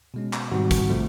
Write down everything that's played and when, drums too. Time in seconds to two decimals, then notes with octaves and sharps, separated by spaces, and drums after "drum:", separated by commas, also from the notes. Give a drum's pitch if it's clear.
0.14 B2 G#3 C#4
0.33 drum: clap
0.52 G#2 D#3 G3 C4 F#4
0.71 drum: kick, hi-hat
0.89 C3 F3 A3